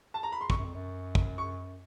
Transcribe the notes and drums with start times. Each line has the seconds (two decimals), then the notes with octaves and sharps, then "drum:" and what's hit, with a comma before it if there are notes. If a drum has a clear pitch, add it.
0.14 A5
0.23 A#5
0.32 B5
0.41 C6
0.50 F2 C#6, drum: kick
0.57 F#2
0.64 F2
0.74 F#2
1.15 drum: kick
1.38 C#6